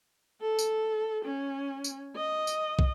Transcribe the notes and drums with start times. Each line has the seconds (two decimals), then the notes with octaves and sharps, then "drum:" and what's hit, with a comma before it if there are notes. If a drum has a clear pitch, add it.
0.41 A4
0.59 drum: tambourine
1.25 C#4
1.84 drum: tambourine
2.16 D#5
2.47 drum: tambourine
2.79 drum: kick